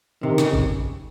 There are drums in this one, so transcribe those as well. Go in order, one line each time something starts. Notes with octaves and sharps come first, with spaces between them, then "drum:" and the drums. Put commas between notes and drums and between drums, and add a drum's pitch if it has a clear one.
C3 D#3
C#3, drum: snare
drum: kick